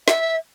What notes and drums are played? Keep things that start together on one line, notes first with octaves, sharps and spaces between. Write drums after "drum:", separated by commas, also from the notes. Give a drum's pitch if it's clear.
E5, drum: snare